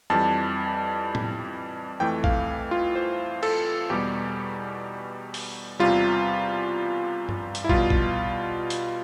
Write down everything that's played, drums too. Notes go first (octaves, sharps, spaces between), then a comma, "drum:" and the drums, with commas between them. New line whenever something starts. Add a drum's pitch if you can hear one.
F2 E3 G3 A5
drum: tom A2
F2 E3 A3 G5
F5, drum: kick
F4
C5
A4, drum: cymbal
E2 B2 G3 G4
drum: open hi-hat
E2 C3 G3 F4
drum: tom G2
drum: hi-hat
E4
B2 G3 F4, drum: kick
drum: kick
drum: hi-hat